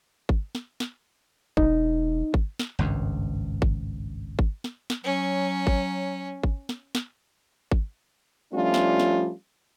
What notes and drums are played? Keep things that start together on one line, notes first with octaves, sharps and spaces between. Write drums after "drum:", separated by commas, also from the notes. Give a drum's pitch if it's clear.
drum: kick G#1
drum: snare
drum: snare
E1 D#4, drum: kick G#1
drum: kick G#1
drum: snare
G#1 C#2 G2
drum: kick G#1
drum: kick G#1
drum: snare
drum: snare
F#3 C#4
drum: kick G#1
drum: kick G#1
drum: snare
drum: snare
drum: kick G#1
F3 G3 A3 C#4 D4 F4
drum: snare
drum: snare